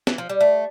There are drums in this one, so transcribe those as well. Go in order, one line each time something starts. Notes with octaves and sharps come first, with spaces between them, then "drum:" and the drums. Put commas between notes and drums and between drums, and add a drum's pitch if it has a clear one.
E3, drum: snare
F3
G3
A3